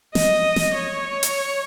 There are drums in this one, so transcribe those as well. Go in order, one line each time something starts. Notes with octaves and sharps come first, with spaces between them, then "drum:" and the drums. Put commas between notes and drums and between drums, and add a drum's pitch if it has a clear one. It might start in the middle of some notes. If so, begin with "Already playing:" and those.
D#5, drum: snare
drum: snare
C#5
drum: hi-hat